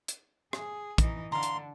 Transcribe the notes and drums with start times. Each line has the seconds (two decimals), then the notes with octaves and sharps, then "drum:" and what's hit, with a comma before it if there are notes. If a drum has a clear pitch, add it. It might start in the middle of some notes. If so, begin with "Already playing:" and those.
0.08 drum: hi-hat
0.53 G#4, drum: rim click
0.98 E3 D#4, drum: kick, hi-hat
1.32 D3 F5 A#5 C6
1.43 drum: hi-hat